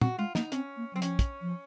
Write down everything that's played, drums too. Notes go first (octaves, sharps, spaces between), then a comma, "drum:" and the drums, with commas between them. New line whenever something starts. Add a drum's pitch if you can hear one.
C4 F#4, drum: tom
G#3 F4
A#3 D#4, drum: snare
C4 C#4, drum: hi-hat
A#3
F#3 C4
F3 C#4, drum: hi-hat
drum: kick, hi-hat
F3